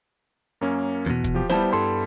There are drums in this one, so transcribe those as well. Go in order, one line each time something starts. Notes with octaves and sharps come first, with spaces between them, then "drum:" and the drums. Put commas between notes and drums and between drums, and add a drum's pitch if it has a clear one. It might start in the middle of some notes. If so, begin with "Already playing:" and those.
F#2 A#3 C#4
E2 B2
drum: kick
F3 G4
G3 B3 E4 C5 A5, drum: snare
G2 A4 C6